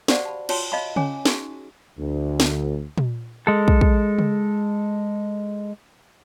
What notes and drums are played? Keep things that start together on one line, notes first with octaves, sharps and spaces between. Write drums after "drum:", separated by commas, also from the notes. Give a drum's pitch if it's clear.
F#4 G4 C5 D5 F5 F#5, drum: snare
A5 B5
F4 F#4 C#5 G5 A5 C6, drum: cymbal
D#5 F5 A5 B5
C#4 C#5 G#5 D6, drum: tom C#3
D#4 F#4 G#4, drum: snare
D2
drum: snare
drum: tom A#2
G#3 A4
drum: kick
drum: kick
drum: tom C#3